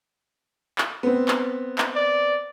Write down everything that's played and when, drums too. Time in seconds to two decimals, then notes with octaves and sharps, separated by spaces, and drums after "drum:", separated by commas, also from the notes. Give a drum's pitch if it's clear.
0.78 drum: clap
1.03 B3 C4
1.28 drum: clap
1.78 drum: clap
1.96 D5